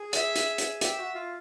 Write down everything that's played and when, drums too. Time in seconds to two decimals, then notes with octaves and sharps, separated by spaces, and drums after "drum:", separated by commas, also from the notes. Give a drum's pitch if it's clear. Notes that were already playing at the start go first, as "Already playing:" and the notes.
Already playing: G#4
0.13 E5, drum: hi-hat
0.36 drum: hi-hat
0.58 drum: hi-hat
0.81 G4 E5, drum: hi-hat
0.99 F#4
1.15 F4